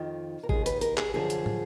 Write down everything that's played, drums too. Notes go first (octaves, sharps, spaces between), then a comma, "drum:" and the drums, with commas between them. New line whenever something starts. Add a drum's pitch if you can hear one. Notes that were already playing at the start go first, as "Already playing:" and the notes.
Already playing: F2 D#3 F4
A#4
D#2 D#3 G#4, drum: kick
B4, drum: hi-hat
A#4, drum: hi-hat
G#4, drum: clap
F#2 D3 F3 G#4
drum: hi-hat
drum: tom